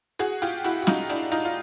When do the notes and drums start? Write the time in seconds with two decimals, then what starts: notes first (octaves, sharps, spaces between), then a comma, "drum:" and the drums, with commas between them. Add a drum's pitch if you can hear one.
0.19 F#4 G#4, drum: hi-hat
0.42 F4 G4, drum: hi-hat
0.64 E4 F#4, drum: hi-hat
0.82 F#4
0.87 D#4 F4, drum: snare
1.10 D4 E4, drum: hi-hat
1.32 D#4 F4, drum: hi-hat
1.45 F4